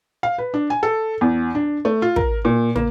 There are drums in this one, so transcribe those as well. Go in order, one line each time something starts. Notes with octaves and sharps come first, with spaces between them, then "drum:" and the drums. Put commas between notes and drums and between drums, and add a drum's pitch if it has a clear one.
F5
B4
D4
G#5
A4
E2
D4
A3
F4
A#4, drum: kick
A#2
A#3, drum: tom